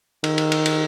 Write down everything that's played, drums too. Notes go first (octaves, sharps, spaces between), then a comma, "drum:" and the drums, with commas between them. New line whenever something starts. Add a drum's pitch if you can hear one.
D#3, drum: cymbal
drum: cymbal
drum: cymbal
drum: cymbal